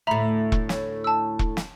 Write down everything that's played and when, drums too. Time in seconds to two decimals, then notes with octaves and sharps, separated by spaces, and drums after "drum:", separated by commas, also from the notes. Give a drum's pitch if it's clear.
0.07 D2 A2 E5 A#5 B5
0.52 drum: kick E1
0.69 C#5, drum: snare
1.04 A5 E6
1.39 drum: kick E1
1.57 drum: snare